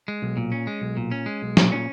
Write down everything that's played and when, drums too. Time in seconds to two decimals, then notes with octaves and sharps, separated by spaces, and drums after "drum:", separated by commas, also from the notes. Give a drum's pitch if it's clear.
0.08 G#3
0.22 B1
0.37 A#2
0.52 C#4
0.67 G#3
0.81 B1
0.97 A#2
1.11 C#4
1.26 G#3
1.42 B1
1.57 A#2, drum: snare
1.72 C#4